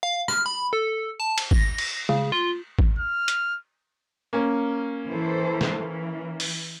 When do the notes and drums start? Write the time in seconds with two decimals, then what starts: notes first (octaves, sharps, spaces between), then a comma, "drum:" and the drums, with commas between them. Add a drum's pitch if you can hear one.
0.03 F5
0.28 F6, drum: rim click
0.46 B5
0.73 A4
1.20 A5
1.38 drum: cymbal
1.51 A#6, drum: kick G#1
1.78 drum: cymbal
2.09 C#3, drum: tom G#3
2.32 F4
2.79 drum: kick G#1
2.99 F6
3.28 drum: hi-hat
4.33 A#3 C#4
5.07 E3 A4 C5
5.61 drum: snare
5.79 E3
6.40 drum: open hi-hat